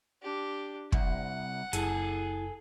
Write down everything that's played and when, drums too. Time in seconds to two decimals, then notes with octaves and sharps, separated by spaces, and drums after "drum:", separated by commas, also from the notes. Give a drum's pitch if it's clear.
0.22 D4 G4
0.92 C2 F#5, drum: kick
1.73 F#1 E4 G#4 A4, drum: hi-hat